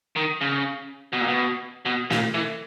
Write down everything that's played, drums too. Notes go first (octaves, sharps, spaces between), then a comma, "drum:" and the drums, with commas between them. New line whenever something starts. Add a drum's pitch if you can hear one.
D#3
C#3
B2
A#2
B2
B2
A#2, drum: snare
E3